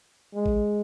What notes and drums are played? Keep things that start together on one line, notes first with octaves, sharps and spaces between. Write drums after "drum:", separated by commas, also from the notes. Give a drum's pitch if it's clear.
G#3
drum: kick